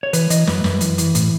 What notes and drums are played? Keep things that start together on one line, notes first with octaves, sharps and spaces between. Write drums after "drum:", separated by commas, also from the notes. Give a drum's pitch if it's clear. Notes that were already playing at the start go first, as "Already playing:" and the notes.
C#5
E3 B4, drum: hi-hat
E3 D#5, drum: hi-hat
F#2 B4, drum: snare
F#2, drum: snare
E3, drum: hi-hat
E3, drum: hi-hat
A2, drum: hi-hat